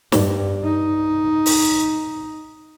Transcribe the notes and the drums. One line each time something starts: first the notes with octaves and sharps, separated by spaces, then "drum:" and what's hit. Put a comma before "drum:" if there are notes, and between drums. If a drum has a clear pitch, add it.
G2, drum: snare
D#4
drum: open hi-hat